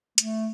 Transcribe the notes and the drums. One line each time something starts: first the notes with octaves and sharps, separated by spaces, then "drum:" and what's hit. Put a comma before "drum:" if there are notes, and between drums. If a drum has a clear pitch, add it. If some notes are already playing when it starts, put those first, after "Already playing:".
A3, drum: hi-hat